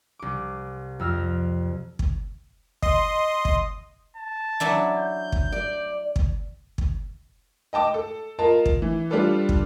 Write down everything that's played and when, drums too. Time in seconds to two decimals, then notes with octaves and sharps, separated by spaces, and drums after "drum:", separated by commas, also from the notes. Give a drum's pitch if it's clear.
0.19 C2 D6
1.00 F2 E6 F6 A#6
1.99 drum: kick
2.82 D#5 C6 D#6, drum: kick
3.45 drum: kick
4.17 A5
4.60 F#3 D4 E4
4.97 G6
5.32 drum: kick
5.52 D5
6.16 drum: kick
6.78 drum: kick
7.73 D#5 G5 A5 D6
7.94 A4
8.39 F4 A#4 D#5 A5
8.66 drum: kick
8.82 E3
9.10 G3 D4 F4 A4 B4
9.49 drum: kick